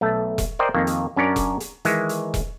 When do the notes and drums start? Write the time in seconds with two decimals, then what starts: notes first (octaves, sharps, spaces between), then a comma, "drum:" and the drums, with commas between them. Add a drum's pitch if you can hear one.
0.01 B1 A3 A5
0.38 drum: kick E1, hi-hat
0.59 A#4 C5 D5 D#5 G5
0.74 F2 D#3 A#3
0.87 drum: hi-hat
1.16 F#2 C#4 D4 A#4 C#5 D5
1.36 drum: kick E1, hi-hat
1.60 drum: hi-hat
1.85 D#3 E3 G#3, drum: hi-hat
2.09 drum: hi-hat
2.34 drum: kick E1, hi-hat